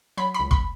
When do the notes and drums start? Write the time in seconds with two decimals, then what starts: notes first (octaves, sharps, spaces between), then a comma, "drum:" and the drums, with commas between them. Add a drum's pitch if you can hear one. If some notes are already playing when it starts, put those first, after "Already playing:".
0.17 F#3 B5
0.34 B5
0.39 C#2
0.51 B5, drum: kick